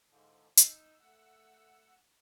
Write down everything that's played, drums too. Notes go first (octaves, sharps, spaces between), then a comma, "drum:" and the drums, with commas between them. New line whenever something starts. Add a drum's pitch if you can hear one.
G#2 D3 F3
D#4 E6, drum: hi-hat
A3 F#5 E6